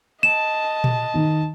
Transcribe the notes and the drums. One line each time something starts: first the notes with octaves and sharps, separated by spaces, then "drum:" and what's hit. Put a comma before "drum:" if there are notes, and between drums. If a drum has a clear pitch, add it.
D#5 A5 E7
drum: tom A#2
D#3 D#4